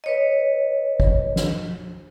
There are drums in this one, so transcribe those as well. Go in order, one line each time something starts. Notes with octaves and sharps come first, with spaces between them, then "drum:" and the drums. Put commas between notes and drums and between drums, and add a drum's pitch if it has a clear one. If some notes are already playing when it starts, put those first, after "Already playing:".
B4 C#5 D#5
drum: kick
drum: snare